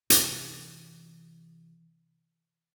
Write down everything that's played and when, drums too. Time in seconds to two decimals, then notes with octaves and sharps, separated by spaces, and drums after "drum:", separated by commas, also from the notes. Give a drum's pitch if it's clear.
0.10 C3 E3, drum: hi-hat